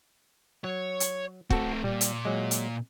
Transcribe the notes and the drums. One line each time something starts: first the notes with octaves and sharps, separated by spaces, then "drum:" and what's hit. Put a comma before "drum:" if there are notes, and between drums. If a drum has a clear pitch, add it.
F#3 C#5
drum: hi-hat
A3 C4 F#4 A4, drum: kick
A#2 G3
drum: hi-hat
F#3 G#3
drum: hi-hat